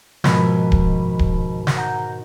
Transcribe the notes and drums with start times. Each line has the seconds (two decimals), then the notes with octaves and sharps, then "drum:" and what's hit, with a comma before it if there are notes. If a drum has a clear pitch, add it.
0.24 G#2 B2 D#3 F3 B5, drum: snare
0.72 drum: kick D1
1.19 drum: kick D1
1.67 drum: snare
1.77 F#5 A#5 G6